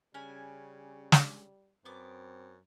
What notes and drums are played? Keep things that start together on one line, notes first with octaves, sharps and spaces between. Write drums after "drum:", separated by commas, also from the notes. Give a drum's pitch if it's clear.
C#3 G3 C#4 D4 G#5
drum: snare
F#2 B3 C4 D6